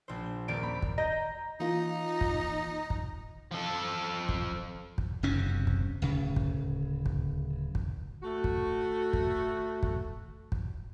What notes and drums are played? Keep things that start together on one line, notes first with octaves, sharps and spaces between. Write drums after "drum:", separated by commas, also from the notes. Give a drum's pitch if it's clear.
A#1 C5
D#1 A#3 G4 D5 D7
B5
drum: kick
D#5 A#5 G6 A#6
E3 A#3 D#4 F4
drum: kick
drum: kick
F3 A4
drum: kick
drum: kick
F#1 F#2 C3 C#4
drum: kick
D1 C#3
drum: kick
drum: kick
drum: kick
A3 F#4
drum: kick
drum: kick
drum: kick
drum: kick